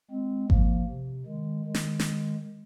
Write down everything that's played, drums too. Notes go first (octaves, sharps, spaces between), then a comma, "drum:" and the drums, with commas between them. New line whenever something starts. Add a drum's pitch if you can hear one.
G#3 C4
F3 A#3, drum: kick G#1
C3
D#3 G#3
D#3 G#3
drum: snare
drum: snare